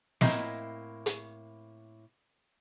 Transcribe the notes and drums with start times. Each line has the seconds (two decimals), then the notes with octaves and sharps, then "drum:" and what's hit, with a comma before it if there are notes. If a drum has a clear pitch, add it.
0.21 A2 A#3 C4 E4 D#5 A#5, drum: snare
1.06 drum: hi-hat